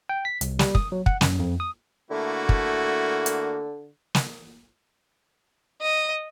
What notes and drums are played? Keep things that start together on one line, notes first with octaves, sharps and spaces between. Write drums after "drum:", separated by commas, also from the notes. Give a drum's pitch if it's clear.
G5
B6
C2, drum: hi-hat
G3, drum: snare
D#6, drum: kick
F#3
F#5, drum: kick
F#2, drum: snare
F2
D#6
D3 A3 A#3 E4 F#4
drum: kick
drum: hi-hat
drum: snare
D#5